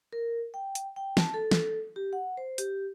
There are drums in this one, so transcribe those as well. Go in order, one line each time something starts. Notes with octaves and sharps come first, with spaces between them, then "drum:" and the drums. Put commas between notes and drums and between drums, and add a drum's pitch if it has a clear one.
A#4
G5
drum: hi-hat
G5
A5, drum: snare
A4
drum: snare
G4
F#5
C5
G4, drum: hi-hat